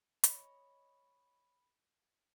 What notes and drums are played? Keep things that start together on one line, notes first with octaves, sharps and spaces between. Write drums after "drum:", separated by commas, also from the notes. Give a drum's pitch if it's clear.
C#5 D#5 B5, drum: hi-hat